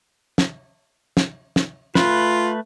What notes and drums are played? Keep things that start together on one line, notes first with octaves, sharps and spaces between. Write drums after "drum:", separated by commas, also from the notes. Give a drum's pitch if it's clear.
drum: snare
drum: snare
drum: snare
A3 F4 B4, drum: snare